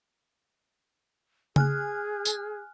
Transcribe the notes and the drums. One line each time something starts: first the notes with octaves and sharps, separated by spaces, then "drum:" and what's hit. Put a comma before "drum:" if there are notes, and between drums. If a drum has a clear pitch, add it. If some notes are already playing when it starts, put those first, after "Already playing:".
G#4 G#5 F6 F#6, drum: tom C#3
drum: tambourine